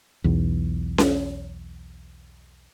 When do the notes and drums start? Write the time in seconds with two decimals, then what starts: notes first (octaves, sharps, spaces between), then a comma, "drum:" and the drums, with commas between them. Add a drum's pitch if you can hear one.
0.24 B1 E2
0.98 drum: snare C#4